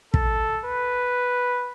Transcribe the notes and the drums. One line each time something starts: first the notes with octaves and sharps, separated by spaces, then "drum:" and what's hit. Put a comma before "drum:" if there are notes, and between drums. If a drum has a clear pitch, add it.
A4, drum: kick
B4